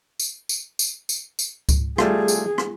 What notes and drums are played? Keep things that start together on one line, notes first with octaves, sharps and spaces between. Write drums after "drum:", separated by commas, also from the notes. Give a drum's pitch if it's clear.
drum: tambourine
drum: tambourine
drum: tambourine
drum: tambourine
drum: tambourine
drum: kick C#2, tambourine
G3 A3 F4 G#4, drum: rim click
drum: tambourine
drum: rim click